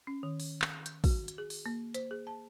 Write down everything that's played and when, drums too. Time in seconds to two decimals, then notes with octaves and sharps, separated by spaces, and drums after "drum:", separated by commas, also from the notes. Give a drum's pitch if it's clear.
0.07 C#4
0.23 D#3
0.40 drum: open hi-hat
0.62 drum: clap
0.86 G6, drum: hi-hat
1.04 F#4, drum: kick, open hi-hat
1.28 drum: hi-hat
1.38 G#4
1.50 drum: open hi-hat
1.66 A#3
1.94 C5, drum: hi-hat
2.11 G#4
2.27 A5